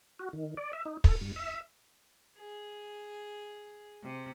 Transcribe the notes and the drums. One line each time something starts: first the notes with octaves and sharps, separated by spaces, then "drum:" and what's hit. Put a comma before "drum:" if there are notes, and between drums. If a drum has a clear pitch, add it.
F#4
D#3
D5
E5
D#4
A4, drum: kick
G2
E5
G#4
C3